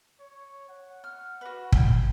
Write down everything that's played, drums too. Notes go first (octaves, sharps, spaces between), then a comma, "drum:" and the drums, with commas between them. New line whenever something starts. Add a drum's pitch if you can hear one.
C#5
F#5
F6
F#4 B4
G5 G#5, drum: kick